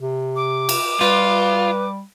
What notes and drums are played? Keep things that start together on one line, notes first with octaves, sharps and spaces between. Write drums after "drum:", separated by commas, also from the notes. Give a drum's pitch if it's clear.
C3
D6
drum: cymbal
G3 F4 B4